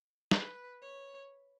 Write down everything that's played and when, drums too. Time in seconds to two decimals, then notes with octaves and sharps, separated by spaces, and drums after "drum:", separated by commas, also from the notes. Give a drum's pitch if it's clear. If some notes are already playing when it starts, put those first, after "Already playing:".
0.31 B4, drum: snare
0.82 C#5